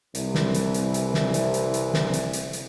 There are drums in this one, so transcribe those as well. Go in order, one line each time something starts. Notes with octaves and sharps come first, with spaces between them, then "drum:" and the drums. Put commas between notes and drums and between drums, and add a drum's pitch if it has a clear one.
C2 E3, drum: hi-hat
drum: snare
drum: hi-hat
drum: hi-hat
drum: hi-hat
drum: snare
drum: hi-hat
drum: hi-hat
drum: hi-hat
drum: snare
drum: hi-hat
drum: hi-hat
drum: hi-hat